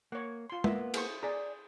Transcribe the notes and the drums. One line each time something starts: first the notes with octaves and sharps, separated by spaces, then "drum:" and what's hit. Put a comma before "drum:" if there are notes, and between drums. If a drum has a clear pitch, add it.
A#3 C#5 F#5
F4 C6
A#3 B3 E5, drum: tom
G#4 C5 C#6, drum: cymbal
G#4 D5 A#5